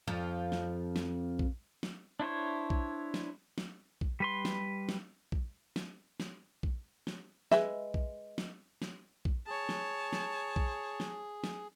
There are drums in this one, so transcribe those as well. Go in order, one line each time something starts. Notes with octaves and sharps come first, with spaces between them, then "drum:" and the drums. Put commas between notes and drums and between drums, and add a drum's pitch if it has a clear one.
F2 F3
drum: snare
drum: snare
drum: kick A#1
drum: snare
D4 E4 C5 C#5
drum: kick A#1
drum: snare
drum: snare
drum: kick A#1
G3 B4 C6
drum: snare
drum: snare
drum: kick A#1
drum: snare
drum: snare
drum: kick A#1
drum: snare
G#3 B4 E5, drum: snare
drum: kick A#1
drum: snare
drum: snare
drum: kick A#1
G#4 C#5 A5
drum: snare
drum: snare
drum: kick A#1
drum: snare
drum: snare